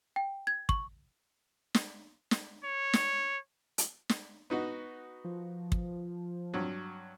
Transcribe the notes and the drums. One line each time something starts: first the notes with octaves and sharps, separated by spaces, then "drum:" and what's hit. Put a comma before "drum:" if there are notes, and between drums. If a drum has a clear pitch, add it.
G5
G#6
C#6, drum: kick
drum: snare
drum: snare
C#5
drum: snare
drum: hi-hat
drum: snare
B3 D#4 F#4
F3
drum: kick
G2 F#3